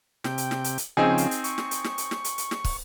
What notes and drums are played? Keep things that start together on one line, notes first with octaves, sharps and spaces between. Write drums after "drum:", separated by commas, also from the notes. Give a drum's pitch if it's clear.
C3 G5, drum: snare
drum: hi-hat
drum: snare
drum: hi-hat
drum: hi-hat
C#3 F3 C4 D#4 G#4
drum: hi-hat
drum: hi-hat
C#6, drum: hi-hat
drum: snare
drum: hi-hat
drum: snare
drum: hi-hat
drum: snare
drum: hi-hat
drum: hi-hat
drum: snare
drum: kick, open hi-hat